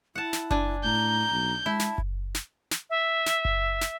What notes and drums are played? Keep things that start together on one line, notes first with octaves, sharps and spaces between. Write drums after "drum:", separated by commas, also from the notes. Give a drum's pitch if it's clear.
E4 F#5 A5
drum: snare
D4 G#5, drum: kick F#1
A2 A#5 G6
B1
G#3 E4 A5
drum: snare
drum: kick F#1
drum: snare
drum: snare
E5
drum: snare
drum: kick F#1
drum: snare